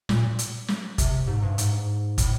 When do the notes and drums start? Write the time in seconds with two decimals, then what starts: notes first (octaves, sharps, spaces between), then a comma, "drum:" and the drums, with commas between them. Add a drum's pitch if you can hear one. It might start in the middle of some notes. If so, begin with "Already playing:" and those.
0.09 A#2, drum: snare
0.39 drum: hi-hat
0.68 drum: snare
0.98 C3, drum: kick, hi-hat
1.27 G#2
1.43 G2
1.58 G#2, drum: hi-hat
2.18 A2, drum: kick, hi-hat